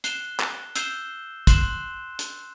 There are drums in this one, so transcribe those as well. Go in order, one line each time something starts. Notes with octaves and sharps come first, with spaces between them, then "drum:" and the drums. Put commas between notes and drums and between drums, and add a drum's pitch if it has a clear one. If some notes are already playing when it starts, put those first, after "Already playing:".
F#6 C7 E7 G7, drum: hi-hat
drum: clap
E6 G6 C7 E7 G7, drum: hi-hat
C6 F#6 C7 E7 G7, drum: kick, hi-hat
drum: hi-hat